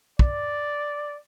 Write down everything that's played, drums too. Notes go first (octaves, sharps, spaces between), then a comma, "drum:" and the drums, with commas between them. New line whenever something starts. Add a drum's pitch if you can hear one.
D5, drum: kick